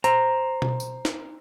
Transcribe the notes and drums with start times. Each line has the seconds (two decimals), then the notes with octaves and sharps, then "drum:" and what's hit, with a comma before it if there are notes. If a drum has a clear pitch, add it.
0.04 C5 A#5, drum: hi-hat
0.62 drum: tom B2
0.80 drum: tambourine
1.05 drum: snare